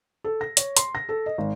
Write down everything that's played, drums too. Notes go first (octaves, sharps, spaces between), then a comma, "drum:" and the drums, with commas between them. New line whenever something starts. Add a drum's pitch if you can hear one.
A4
A#6
C#5, drum: hi-hat
C6, drum: hi-hat
A#6
A4
D#5
G#1